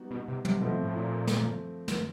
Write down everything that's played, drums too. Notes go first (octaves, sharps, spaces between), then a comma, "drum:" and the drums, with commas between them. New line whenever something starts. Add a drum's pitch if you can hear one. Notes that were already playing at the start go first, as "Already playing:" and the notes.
Already playing: G3 B3 D#4 F#4
B2
C3
C3, drum: tom
B2 F3 A3 C4
A2
A#2
drum: snare
drum: snare